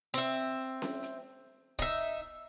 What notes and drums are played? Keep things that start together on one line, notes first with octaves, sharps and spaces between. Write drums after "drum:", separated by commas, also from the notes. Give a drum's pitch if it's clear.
C4 E5
drum: snare C#4
drum: hi-hat
D#4 E5, drum: kick